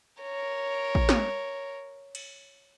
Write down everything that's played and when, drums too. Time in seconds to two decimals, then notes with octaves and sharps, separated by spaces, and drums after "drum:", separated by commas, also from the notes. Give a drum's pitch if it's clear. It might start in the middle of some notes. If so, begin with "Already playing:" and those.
0.22 A#4 C#5
0.95 drum: kick A1
1.09 drum: snare
2.15 drum: cymbal